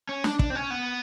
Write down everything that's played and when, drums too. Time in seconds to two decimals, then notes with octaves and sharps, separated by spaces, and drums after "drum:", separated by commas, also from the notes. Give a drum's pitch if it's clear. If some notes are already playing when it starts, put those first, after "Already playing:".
0.09 C#4
0.24 D4, drum: snare
0.39 D4, drum: kick
0.50 C4
0.55 C#4
0.70 B3